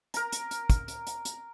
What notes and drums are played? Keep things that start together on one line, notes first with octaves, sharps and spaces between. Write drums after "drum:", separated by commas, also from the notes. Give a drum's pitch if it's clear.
A#4 A#5, drum: hi-hat
drum: hi-hat
drum: hi-hat
drum: kick, hi-hat
drum: hi-hat
drum: hi-hat
drum: hi-hat